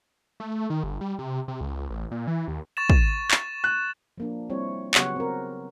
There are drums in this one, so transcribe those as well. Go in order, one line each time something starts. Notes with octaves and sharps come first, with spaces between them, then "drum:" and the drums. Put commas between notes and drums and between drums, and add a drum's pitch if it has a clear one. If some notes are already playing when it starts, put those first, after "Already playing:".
A3
D#3
G1
G3
C3
C3
C#2
A1
A#2
E3
D#2
C#6 A6 E7
drum: kick
drum: clap
F#6
F3 A#3 D4
G3 C4 E4 C#5
C#3 F#3 B3 G4 C#5 F#5, drum: clap
C4 A#4